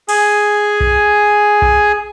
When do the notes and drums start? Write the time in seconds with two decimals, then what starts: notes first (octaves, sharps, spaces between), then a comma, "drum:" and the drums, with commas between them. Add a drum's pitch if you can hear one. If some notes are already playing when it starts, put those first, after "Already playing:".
0.09 G#4 G#5, drum: cymbal
0.81 drum: kick B1
1.62 drum: kick B1